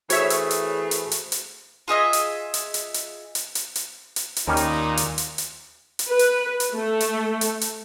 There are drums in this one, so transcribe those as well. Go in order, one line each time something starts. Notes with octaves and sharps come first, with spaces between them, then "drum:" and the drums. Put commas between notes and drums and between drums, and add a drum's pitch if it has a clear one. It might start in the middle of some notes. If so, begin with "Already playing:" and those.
E3 A3 F#4 G#4 C5 C#5 E5, drum: hi-hat
drum: hi-hat
drum: hi-hat
drum: hi-hat
drum: hi-hat
drum: hi-hat
F4 G#4 D#5 E5
drum: hi-hat
drum: hi-hat
drum: hi-hat
drum: hi-hat
drum: hi-hat
drum: hi-hat
drum: hi-hat
drum: hi-hat
drum: hi-hat
D#2 A#2 G3 C#4 D#4 A#4
drum: hi-hat
drum: hi-hat
drum: hi-hat
drum: hi-hat
drum: hi-hat
B4
drum: hi-hat
drum: hi-hat
A3
drum: hi-hat
drum: hi-hat
drum: hi-hat